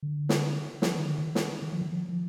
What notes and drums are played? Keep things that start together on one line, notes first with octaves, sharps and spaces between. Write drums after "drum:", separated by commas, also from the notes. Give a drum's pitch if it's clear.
D3
drum: snare
F3, drum: snare
D#3
D3
D#3
drum: snare
D#3
F3
D#3
F3
F3